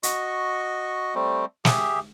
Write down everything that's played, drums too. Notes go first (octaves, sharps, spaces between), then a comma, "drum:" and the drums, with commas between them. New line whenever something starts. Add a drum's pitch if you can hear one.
F#4 D#5 C#6, drum: hi-hat
G3 A3 C4
G4 G#4 E5, drum: snare